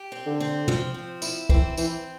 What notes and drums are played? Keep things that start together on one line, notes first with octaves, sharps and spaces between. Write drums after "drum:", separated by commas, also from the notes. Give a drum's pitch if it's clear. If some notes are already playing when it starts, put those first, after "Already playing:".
Already playing: G4
C4
D3
C4
F3, drum: tom
C4
E4, drum: tambourine
E3 C4, drum: kick
E3 C4, drum: tambourine